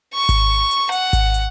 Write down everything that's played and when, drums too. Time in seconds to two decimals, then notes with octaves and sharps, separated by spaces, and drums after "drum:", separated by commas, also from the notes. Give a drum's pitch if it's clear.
0.15 C#6
0.29 drum: kick G#1, hi-hat
0.71 drum: hi-hat
0.92 F#5, drum: hi-hat
1.13 drum: kick G#1, hi-hat
1.34 drum: hi-hat